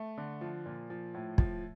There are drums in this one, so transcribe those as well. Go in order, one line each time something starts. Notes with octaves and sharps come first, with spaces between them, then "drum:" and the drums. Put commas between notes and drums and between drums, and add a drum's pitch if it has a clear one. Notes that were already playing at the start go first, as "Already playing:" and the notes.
Already playing: A3
D3
F3
A#2
F3
A2
F3, drum: kick